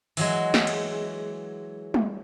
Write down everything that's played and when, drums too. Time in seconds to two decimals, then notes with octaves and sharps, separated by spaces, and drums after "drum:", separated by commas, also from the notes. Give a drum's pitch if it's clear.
0.17 E3 F#3 G#3, drum: open hi-hat
0.54 drum: snare
0.67 drum: cymbal
1.94 drum: tom G3